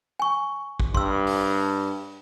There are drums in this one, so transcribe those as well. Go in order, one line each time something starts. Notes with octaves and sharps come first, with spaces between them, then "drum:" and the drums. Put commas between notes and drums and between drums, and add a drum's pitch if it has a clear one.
G#5 C#6
drum: kick
G2 C6 E6, drum: kick
drum: open hi-hat